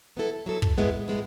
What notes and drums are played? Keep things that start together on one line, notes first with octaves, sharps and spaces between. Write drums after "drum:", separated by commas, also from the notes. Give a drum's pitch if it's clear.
F#3 B3 E4 A4
F#3 B3 E4 A4
drum: kick
A2 G#3 B3 E4
A2 G#3 B3 E4